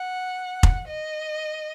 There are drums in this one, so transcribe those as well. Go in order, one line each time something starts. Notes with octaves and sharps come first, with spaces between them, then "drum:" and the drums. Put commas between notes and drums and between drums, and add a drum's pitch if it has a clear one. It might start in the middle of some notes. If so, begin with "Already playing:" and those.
Already playing: F#5
drum: kick F1
D#5